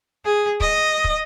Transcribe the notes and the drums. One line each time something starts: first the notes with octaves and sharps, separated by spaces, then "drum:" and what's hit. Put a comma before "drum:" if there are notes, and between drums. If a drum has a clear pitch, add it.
G#4
D#5, drum: kick
drum: kick